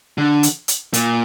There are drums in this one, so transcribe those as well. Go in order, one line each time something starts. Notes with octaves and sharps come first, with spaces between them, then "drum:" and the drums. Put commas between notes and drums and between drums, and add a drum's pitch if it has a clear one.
D3
drum: hi-hat
drum: hi-hat
A#2, drum: hi-hat